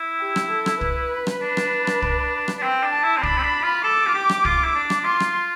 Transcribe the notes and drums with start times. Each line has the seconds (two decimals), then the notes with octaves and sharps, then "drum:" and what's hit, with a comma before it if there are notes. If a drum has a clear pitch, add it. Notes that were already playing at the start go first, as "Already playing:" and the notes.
Already playing: E4
0.20 G4
0.36 drum: rim click
0.51 A4
0.66 drum: rim click
0.81 B4, drum: kick
1.27 drum: rim click
1.42 D4
1.57 drum: rim click
1.87 drum: rim click
2.02 drum: kick
2.48 drum: rim click
2.59 D4
2.63 C4 G5
2.84 D4
2.93 A5
3.03 E4
3.18 C4
3.23 D4 B5, drum: kick
3.38 C4
3.43 D4
3.63 F4
3.84 A4 D6
4.07 F4
4.15 G4
4.29 drum: rim click
4.45 F4, drum: kick
4.64 E4
4.75 D4
4.90 drum: rim click
5.05 F4 C6
5.20 drum: rim click